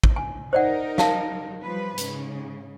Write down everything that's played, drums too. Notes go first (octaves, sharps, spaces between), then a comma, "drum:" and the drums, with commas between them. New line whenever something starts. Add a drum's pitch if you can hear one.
drum: kick
G#5
D#4 A#4 C5 D5 F#5
F5 A5, drum: snare
F3 G3 B4
G#2 C#3, drum: hi-hat